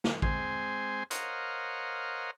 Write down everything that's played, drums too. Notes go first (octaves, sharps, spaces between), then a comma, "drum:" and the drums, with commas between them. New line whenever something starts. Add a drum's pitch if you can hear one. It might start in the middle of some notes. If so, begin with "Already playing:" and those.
drum: snare
G#3 C4 C5 G#5, drum: kick
A#4 C5 C#5 D#5 F5 F#5, drum: hi-hat